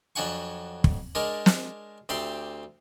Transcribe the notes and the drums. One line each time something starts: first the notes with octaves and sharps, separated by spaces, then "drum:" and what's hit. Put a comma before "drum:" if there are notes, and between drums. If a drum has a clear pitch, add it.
F2 F#3 D4 F#5 G#5 C#6
drum: kick
G#3 D4 A#4 C#5 D5
drum: snare
D2 C4 G4 D5 C6